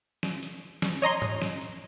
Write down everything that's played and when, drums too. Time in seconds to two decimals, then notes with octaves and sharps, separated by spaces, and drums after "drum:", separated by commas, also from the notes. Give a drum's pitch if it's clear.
0.23 drum: snare
0.43 drum: hi-hat
0.82 drum: snare
1.02 C#5 D#5 A#5 C6
1.22 drum: tom G#2
1.42 drum: snare
1.61 drum: hi-hat